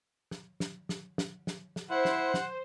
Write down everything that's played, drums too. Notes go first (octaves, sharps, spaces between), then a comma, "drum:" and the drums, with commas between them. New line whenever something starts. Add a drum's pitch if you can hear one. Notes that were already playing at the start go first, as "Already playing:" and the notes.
drum: snare
drum: snare
drum: snare
drum: snare
drum: snare
drum: snare
E4 C5 F#5
drum: snare
drum: snare